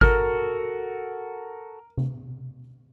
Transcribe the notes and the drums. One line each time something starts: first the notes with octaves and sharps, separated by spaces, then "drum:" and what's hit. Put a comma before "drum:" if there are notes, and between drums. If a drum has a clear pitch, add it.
F#4 A4 A#4 F6, drum: kick G#1
drum: tom C3